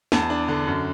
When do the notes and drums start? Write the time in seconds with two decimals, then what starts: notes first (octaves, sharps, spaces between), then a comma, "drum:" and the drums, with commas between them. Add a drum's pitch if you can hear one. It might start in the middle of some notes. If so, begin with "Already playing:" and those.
0.12 E2 A5, drum: snare
0.30 D4
0.48 D3
0.67 F#2